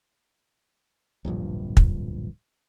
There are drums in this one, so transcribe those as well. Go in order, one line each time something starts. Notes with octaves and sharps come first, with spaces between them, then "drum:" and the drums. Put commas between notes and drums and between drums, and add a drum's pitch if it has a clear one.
D1 A#1 G2 F3
drum: kick